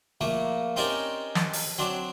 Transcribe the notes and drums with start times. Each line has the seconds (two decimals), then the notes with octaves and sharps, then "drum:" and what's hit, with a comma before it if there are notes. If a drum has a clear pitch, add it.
0.21 A#1 A3 A#3
0.76 C4 C#4 D#4 G4 A#4 D5
1.35 drum: snare
1.53 drum: open hi-hat
1.78 F#3 C4 D4